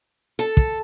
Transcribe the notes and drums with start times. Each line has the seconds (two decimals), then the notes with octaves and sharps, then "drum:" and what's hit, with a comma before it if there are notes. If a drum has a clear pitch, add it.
0.39 A4
0.57 drum: kick